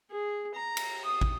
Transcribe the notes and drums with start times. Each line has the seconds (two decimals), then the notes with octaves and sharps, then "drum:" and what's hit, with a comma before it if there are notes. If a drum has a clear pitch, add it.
0.11 G#4
0.54 A#5
0.77 drum: cymbal
1.05 D#6
1.21 drum: kick